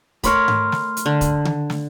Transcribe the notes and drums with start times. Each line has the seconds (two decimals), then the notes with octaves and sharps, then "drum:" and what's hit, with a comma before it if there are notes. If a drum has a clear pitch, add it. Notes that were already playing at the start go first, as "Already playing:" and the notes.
0.24 A3 A#4 C#5 B5 C6 F6, drum: kick, hi-hat
0.48 drum: tom G#2
0.72 drum: snare
0.97 drum: hi-hat
1.06 D3
1.21 drum: kick, hi-hat
1.45 drum: tom D3
1.70 drum: snare